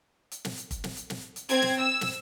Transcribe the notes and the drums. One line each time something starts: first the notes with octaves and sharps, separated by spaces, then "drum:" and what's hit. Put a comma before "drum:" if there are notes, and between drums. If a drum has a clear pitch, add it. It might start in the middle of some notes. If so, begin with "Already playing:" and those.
drum: hi-hat
drum: snare
drum: hi-hat
drum: kick, hi-hat
drum: snare
drum: hi-hat
drum: snare
drum: hi-hat
C4 G#6, drum: hi-hat
drum: snare
E6
drum: snare